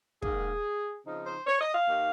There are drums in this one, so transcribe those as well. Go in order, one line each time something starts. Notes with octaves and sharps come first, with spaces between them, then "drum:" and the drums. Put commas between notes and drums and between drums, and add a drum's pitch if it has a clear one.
G#2 D#3 A#3 G#4, drum: kick
C#3 F3 C4 D#4
C5
C#5
D#5
F5
D#2 D#3 A#3 D#4